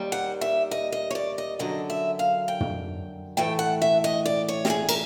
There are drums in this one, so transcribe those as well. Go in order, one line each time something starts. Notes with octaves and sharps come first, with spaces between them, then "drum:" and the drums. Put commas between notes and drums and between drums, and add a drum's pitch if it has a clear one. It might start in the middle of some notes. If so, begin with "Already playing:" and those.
Already playing: D#2 D#3 G3
F#5
E5
D#5
D#5
C#5
D5
D#5
F#2 D3 F#3 D#5
E5
F5
G5
drum: tom
A2 E3 A3 G5
F#5
E5
D#5
D5
C#5
G4, drum: snare
G#4
A#4, drum: cymbal